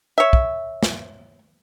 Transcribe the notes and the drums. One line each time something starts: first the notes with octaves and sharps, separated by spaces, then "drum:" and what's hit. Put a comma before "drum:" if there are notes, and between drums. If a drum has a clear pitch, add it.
C#5 E5
drum: kick
drum: snare